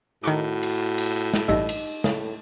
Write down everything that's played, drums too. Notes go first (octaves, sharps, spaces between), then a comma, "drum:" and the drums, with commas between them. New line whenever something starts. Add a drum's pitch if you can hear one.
A2 D#3 F#4 C#6 D6
drum: cymbal
drum: cymbal
drum: snare
A1 G2 D#4 D#5 E6 A#6
drum: cymbal
A2 C#3, drum: snare